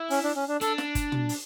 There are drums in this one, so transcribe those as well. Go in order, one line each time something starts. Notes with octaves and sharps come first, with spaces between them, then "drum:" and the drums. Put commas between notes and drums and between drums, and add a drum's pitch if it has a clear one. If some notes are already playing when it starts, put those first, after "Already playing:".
Already playing: E4
C#4, drum: open hi-hat
D4
C#4
D4
D4 A4, drum: hi-hat
drum: snare
drum: kick G1, hi-hat
drum: tom
drum: open hi-hat